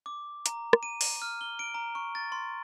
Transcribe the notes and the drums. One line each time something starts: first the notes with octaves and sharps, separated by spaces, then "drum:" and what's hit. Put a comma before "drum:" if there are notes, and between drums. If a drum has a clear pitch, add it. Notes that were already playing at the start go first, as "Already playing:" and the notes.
D6
A#5, drum: hi-hat
drum: rim click
D#7
drum: open hi-hat
F6
G7
D7
A#5
C#6
A6
C6